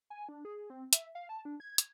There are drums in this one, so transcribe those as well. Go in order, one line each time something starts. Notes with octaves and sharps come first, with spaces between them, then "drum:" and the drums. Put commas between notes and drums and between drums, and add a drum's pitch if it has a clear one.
G#5
D4
G#4
C4
E5, drum: hi-hat
F5
A5
D4
G#6
drum: hi-hat